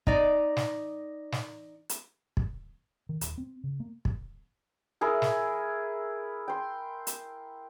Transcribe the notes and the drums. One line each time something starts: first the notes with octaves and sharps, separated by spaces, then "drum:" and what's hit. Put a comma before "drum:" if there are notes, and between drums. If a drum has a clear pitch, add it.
D#4 D5, drum: kick
drum: snare
drum: snare
drum: hi-hat
drum: kick
D#3
D#1, drum: hi-hat
C4
C#3
A#3
drum: kick
E4 G#4 A#4
drum: snare
G5 C6
drum: hi-hat